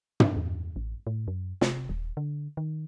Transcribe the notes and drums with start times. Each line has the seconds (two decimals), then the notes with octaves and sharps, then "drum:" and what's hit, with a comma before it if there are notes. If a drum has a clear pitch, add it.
0.20 drum: tom
0.36 E2
0.76 A1
1.07 A2
1.28 F#2
1.61 C3, drum: snare
1.89 D#1
2.17 D3
2.57 D#3